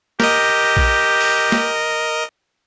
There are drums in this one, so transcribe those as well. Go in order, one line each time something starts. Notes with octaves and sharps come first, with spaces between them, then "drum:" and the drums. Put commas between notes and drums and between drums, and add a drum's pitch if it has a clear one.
G4 A#4 D#5, drum: snare
drum: kick A#1
drum: open hi-hat
drum: snare